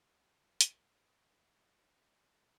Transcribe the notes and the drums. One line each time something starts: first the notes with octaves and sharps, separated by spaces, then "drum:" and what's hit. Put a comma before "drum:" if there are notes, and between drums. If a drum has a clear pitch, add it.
A#3 B5 D7
G#5, drum: hi-hat
F#4
D5